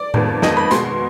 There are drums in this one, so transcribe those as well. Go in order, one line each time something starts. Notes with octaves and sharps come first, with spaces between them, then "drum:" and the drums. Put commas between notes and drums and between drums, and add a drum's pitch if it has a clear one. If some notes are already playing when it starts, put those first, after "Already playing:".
Already playing: D5
F2 D#3 G#3 B3, drum: tom A2
F2 D#3 G#3 B3 D#5, drum: snare
B5
B2 G#3 B3 C6, drum: hi-hat